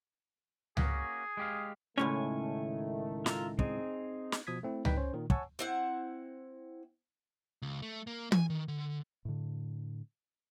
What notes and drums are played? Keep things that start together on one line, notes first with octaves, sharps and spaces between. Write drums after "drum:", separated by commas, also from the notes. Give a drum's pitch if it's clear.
A#3 C#4 F#4 G#4, drum: tom C#2
G#3 G4 F5
C#2 A2 D#3 A3 C#4 G#5 C#6
F4 E5 A#5, drum: snare
C4 D#4 G#4, drum: kick
drum: snare
B2 F3 D#6 G#6 B6
A3 C4 E4
G3 D#4 B4 G5 B6, drum: tom C#2
C#4 C5 C#5
A#2 D#3
C#5 F#5 G#5 A5 C#6 E6, drum: kick
C4 E4 F#5
C#2
A3
A#3
G#5, drum: tom
D#3
D3
A2 D3